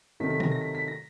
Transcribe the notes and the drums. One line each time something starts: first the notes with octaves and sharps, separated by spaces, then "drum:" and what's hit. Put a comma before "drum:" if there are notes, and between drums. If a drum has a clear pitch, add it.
C3 D#3 F#3 A3 B6
B6
A#6, drum: tom
A#6
B6
B6
A#6